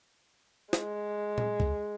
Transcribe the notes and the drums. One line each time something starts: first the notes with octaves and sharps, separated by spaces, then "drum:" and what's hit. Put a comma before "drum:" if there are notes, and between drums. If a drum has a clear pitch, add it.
G#3, drum: snare
drum: tom A#2
drum: kick